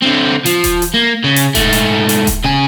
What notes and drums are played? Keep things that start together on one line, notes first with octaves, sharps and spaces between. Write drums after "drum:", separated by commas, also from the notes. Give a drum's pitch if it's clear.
D3 C4
F3, drum: hi-hat
drum: kick D#1, hi-hat
drum: hi-hat
A#3
C#3
drum: hi-hat
G#2 A3, drum: kick D#1, hi-hat
drum: hi-hat
drum: hi-hat
drum: kick D#1, hi-hat
C#3 G#5